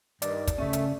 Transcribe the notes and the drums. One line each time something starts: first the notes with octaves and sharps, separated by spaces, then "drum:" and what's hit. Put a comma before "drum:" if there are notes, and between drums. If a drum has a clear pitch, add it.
G2 D#3 D5, drum: hi-hat
drum: kick, hi-hat
C#3 A3 C#4
drum: hi-hat